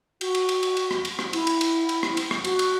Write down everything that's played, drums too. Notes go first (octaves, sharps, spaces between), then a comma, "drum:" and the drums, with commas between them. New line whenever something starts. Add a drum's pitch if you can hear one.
F#4, drum: cymbal
drum: cymbal
drum: cymbal
drum: cymbal
drum: cymbal
drum: rim click
drum: cymbal
drum: rim click
E4, drum: cymbal
drum: cymbal
drum: cymbal
drum: cymbal
drum: rim click
drum: cymbal
drum: rim click
F#4, drum: cymbal
drum: cymbal